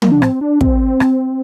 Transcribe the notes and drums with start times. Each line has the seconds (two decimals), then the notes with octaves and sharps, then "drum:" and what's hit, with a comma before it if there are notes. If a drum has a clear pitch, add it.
0.02 A#3, drum: tom
0.12 D4
0.22 C4, drum: rim click
0.41 D4
0.61 C4, drum: kick
1.00 drum: rim click